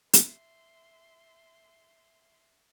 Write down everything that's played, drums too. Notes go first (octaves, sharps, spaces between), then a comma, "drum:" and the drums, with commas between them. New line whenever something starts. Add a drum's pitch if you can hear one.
E5 C6, drum: hi-hat